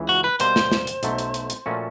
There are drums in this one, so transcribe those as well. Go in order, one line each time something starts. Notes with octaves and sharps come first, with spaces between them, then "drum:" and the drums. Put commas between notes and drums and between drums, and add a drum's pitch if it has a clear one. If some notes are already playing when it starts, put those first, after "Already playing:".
Already playing: C#2 C#3 E3
F#4
B4
B2 G3 A#3 C5, drum: hi-hat
drum: snare
drum: snare
drum: hi-hat
B1 B2 F#3 A3 C#4, drum: hi-hat
drum: hi-hat
drum: hi-hat
drum: hi-hat
A#2 F3 A3 C#4 F#4